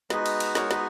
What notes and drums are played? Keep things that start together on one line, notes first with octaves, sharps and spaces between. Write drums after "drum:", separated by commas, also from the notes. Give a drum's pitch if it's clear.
G#3 B3 D#4 F#4 B4 D#5, drum: snare
drum: cymbal
drum: cymbal
A#4 C#5, drum: snare
B4 D#5, drum: snare